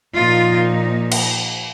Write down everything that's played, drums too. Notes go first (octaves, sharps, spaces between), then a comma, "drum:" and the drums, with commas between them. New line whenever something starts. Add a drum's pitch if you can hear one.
A#2 F3 A#3 D#4 F4
drum: cymbal